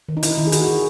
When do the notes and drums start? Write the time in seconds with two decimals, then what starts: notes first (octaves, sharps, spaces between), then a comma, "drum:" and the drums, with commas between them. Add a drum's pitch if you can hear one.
0.09 D#3
0.17 D#4
0.23 D#3 E4, drum: hi-hat
0.37 D#3 E4
0.47 G#4
0.52 D#3 F#4, drum: hi-hat
0.68 D#3